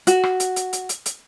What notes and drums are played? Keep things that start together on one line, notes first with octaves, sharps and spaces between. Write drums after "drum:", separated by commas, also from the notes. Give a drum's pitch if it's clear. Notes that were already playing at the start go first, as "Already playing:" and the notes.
F#4, drum: hi-hat
drum: rim click
drum: hi-hat
drum: hi-hat
drum: hi-hat
drum: hi-hat
drum: hi-hat